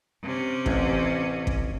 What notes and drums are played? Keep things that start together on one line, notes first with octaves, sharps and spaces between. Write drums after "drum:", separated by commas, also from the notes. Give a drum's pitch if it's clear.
C3 C#4
A1, drum: kick
drum: kick